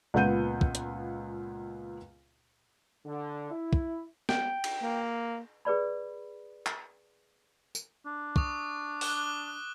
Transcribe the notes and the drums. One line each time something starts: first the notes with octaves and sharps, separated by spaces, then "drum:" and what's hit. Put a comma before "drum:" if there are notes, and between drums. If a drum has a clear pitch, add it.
C#2 A#2 B3 F#5 G6 D#7
drum: kick
drum: hi-hat
D3
E4
drum: kick
G5, drum: snare
drum: cymbal
A#3
G#4 B4 D5 B5
drum: clap
drum: tambourine
D4
C#6 D#6, drum: kick
D6 F#6 G7, drum: open hi-hat